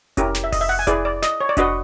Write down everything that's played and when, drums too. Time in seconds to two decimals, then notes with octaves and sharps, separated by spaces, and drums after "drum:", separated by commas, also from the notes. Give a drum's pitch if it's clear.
0.17 C#4 E4 G4 A#4, drum: kick F1, hi-hat
0.35 drum: snare
0.44 E5
0.52 D#5, drum: kick F1, open hi-hat
0.61 E5
0.69 F#5
0.79 G#5
0.87 E4 G#4 B4 D5, drum: kick F1, hi-hat
1.05 D5
1.22 D#5, drum: snare
1.41 C#5
1.49 D5
1.57 D4 F#4 B4 D#5, drum: kick F1, hi-hat